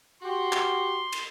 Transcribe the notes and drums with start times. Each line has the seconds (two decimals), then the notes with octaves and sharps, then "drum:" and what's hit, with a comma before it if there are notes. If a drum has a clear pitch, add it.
0.22 F#4 G4 C6
0.52 drum: clap
1.12 drum: cymbal